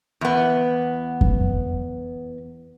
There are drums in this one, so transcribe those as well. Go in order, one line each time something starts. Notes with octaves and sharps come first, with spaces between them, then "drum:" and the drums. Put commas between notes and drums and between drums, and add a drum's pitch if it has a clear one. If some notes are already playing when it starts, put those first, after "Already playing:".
E2 B3
drum: kick F2